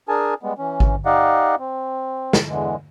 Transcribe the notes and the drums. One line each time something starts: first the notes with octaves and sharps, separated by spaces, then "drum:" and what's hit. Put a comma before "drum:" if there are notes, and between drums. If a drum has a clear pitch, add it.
D4 G#4 A#4 G#5 A5
G3 G#3 B3
E3 C#4
drum: kick G#1
D#4 G4 D5 D#5 F5 F#5
C4
drum: snare
E2 D3 E3 G#3